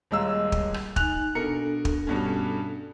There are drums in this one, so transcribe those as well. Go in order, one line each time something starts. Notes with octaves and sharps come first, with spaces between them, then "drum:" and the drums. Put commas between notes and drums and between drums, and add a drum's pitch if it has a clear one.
D#1 G#3 C#5 F5 A#5 E6
D#5
drum: kick
drum: rim click
D#4 G#5 F#6 F7, drum: kick
B2 D4 A4 A#4 C#7
drum: kick
G2 B2 C#4